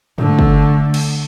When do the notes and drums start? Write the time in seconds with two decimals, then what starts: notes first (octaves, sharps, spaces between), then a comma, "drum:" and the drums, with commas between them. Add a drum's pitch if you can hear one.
0.18 D3 A3, drum: tom G2
0.39 drum: kick
0.94 drum: cymbal